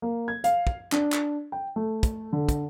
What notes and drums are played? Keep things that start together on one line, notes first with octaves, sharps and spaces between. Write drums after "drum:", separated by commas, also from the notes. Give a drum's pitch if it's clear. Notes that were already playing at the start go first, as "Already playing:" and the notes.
A#3
G#6
F5, drum: hi-hat
drum: kick
D4, drum: clap
drum: clap
G5
A3
drum: kick, hi-hat
D3
drum: kick, hi-hat